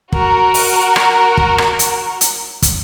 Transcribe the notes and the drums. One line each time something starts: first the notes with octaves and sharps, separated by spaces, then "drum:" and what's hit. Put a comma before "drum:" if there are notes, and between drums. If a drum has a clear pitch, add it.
F#4 A#4, drum: kick
drum: open hi-hat
drum: rim click
drum: kick
drum: rim click
drum: hi-hat
drum: hi-hat
drum: kick, hi-hat